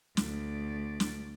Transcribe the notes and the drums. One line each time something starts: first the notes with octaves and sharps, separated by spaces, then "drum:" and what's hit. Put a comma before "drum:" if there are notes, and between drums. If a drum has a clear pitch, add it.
D2 D5, drum: snare
drum: snare